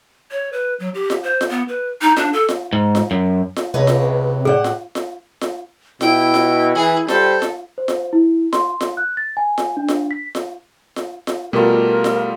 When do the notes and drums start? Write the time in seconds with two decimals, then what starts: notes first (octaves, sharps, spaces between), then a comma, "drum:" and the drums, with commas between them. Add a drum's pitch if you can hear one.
0.31 C#5
0.53 B4
0.80 F#3
0.94 G4
1.10 drum: snare F4
1.23 C5
1.41 drum: snare F4
1.50 B3
1.68 B4
2.01 D#4
2.17 D4, drum: snare F4
2.33 A4
2.49 drum: snare F4
2.73 G#2
2.95 drum: snare F4
3.11 F#2
3.56 drum: snare F4
3.74 C#2 C3 B4 C#5 D#5
3.87 drum: snare F4
4.45 A2 G#4 D5 F#5
4.64 drum: snare F4
4.95 drum: snare F4
5.41 drum: snare F4
6.01 B2 E4 G5, drum: snare F4
6.34 drum: snare F4
6.75 E3 G#4
7.08 G3 A4 C5, drum: snare F4
7.42 drum: snare F4
7.78 C5
7.88 drum: snare F4
8.13 E4
8.53 C6, drum: snare F4
8.81 drum: snare F4
8.97 F#6
9.17 A6
9.37 G#5
9.58 drum: snare F4
9.77 D4
9.88 drum: snare F4
10.11 B6
10.35 drum: snare F4
10.96 drum: snare F4
11.27 drum: snare F4
11.53 B2 G3 A3 F4 G4 A#4
12.04 drum: snare F4